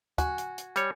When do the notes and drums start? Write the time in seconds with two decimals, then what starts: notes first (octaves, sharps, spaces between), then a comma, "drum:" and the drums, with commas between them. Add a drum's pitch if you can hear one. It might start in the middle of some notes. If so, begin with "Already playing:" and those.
0.18 F#4 G#5, drum: kick, hi-hat
0.38 drum: hi-hat
0.58 drum: hi-hat
0.76 G3 C#5, drum: hi-hat